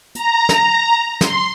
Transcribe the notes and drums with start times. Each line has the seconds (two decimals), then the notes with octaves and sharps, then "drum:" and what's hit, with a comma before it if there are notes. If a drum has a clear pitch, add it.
0.15 A#5, drum: hi-hat
0.49 drum: snare
1.21 C6, drum: snare